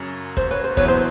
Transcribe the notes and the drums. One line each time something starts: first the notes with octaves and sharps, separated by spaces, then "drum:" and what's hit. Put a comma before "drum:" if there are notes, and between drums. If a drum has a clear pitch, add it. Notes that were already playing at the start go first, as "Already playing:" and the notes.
Already playing: F#2 C#3 F#3
C5, drum: kick
B4 C#5
C5
E2 B2 F#3 B3 E4 B4 C#5, drum: kick
C5